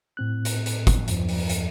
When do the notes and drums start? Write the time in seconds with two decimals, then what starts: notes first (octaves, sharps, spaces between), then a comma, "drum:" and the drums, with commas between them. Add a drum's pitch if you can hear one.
0.17 A2 C4 F#6
0.45 drum: hi-hat
0.66 drum: hi-hat
0.87 drum: kick, hi-hat
1.08 E2 G2 F3, drum: hi-hat
1.29 drum: open hi-hat
1.50 drum: hi-hat